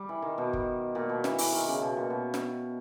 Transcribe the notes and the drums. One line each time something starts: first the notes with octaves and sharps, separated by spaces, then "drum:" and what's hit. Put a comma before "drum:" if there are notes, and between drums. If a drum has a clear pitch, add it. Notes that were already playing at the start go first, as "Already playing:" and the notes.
Already playing: G3
E3
D#3
B2
drum: kick
A#2
B2
E3, drum: snare
E3, drum: open hi-hat
D#3
C#3
B2
A#2
B2
drum: snare